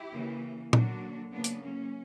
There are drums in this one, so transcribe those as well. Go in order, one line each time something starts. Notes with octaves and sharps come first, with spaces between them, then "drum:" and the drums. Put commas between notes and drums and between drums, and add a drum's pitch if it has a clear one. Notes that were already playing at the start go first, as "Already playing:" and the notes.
Already playing: E4 G4
C#3 E3 A#3
D3 F#3 A#3 D4 F#4, drum: tom A#2
C#3 F#3 A#3 B3 D4
drum: hi-hat
A#3 C#4